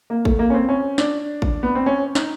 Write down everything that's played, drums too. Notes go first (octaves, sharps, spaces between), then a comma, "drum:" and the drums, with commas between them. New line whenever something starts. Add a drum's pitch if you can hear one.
A#3
A3, drum: kick
A#3
C#4
C4
C#4
D4, drum: snare
drum: kick
B3
C4
C#4
D#4, drum: snare